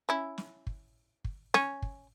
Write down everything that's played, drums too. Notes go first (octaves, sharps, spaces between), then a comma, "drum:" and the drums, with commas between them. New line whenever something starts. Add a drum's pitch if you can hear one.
C#4 E4
drum: snare
drum: kick
drum: kick
C#4, drum: snare
drum: kick